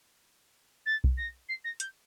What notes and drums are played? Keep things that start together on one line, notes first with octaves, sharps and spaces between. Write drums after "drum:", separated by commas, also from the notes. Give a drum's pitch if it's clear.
A6
drum: kick B1
A#6
C7
A#6
G6, drum: hi-hat